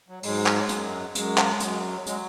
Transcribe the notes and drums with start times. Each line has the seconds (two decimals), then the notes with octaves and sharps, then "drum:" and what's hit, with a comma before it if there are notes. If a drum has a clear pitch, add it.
0.09 F#3
0.23 G#2 F#3 G#3, drum: open hi-hat
0.46 drum: clap
0.69 F#2 F#3, drum: hi-hat
1.15 F#2 F#3 G#3, drum: hi-hat
1.38 drum: clap
1.60 F#2 F#3, drum: hi-hat
2.06 F#3 G#3, drum: hi-hat